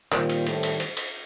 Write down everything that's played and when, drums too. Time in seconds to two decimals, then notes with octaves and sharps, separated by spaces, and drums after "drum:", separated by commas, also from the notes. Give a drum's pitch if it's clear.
0.12 A#2 D#3 G3 C4, drum: clap
0.29 drum: cymbal
0.47 A2, drum: cymbal
0.63 drum: cymbal
0.80 drum: cymbal
0.97 drum: cymbal